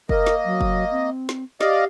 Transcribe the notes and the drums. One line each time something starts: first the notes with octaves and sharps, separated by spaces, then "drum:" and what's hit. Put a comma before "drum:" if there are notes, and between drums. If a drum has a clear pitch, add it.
A#3 A#4 D#5, drum: kick
drum: snare
F#3
drum: kick
C4
drum: snare
G4 D5 D#5 F5, drum: snare